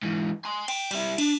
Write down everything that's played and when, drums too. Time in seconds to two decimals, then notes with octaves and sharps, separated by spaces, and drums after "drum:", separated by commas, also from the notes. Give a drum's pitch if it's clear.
0.03 G#2 E3
0.45 G#5 C6
0.68 G5, drum: cymbal
0.91 G3 E4, drum: cymbal
1.18 D4, drum: cymbal